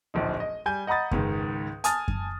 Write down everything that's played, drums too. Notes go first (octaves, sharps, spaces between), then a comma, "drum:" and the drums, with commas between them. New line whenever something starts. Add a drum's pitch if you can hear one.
D1 A#1 F3 D#4
D#5
G3 G#5 G6
D#5 F#5 A#5 B5 D#6 A6
C#2 G#2 D#3, drum: kick F#2
G#5 A5 D#6 F6 A6, drum: hi-hat
drum: kick F#2